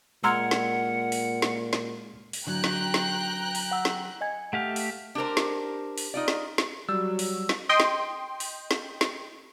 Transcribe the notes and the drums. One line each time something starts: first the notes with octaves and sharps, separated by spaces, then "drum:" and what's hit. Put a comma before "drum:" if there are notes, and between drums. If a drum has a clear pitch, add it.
A#2 G#3 F#5 A#5 C6 E6 F6 G#6
drum: snare
drum: open hi-hat
drum: snare
drum: snare
drum: open hi-hat
D3 F#3 G5 A#5 F#6
drum: snare
drum: snare
drum: open hi-hat
F#5 E6
drum: snare
D#5 G#5 G#6
A3 G4 F5 F#5
drum: open hi-hat
D4 G4 A#4 C5
drum: snare
drum: open hi-hat
D#4 F4 D5
drum: snare
drum: snare
F#3 G3 E6
drum: open hi-hat
drum: snare
D#5 G5 C6
drum: snare
drum: open hi-hat
drum: snare
drum: snare